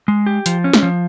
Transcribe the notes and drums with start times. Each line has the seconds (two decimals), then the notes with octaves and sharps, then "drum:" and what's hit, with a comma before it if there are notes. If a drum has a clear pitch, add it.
0.08 G#3
0.26 G4
0.46 F3, drum: hi-hat
0.64 C#4
0.73 drum: snare
0.83 F3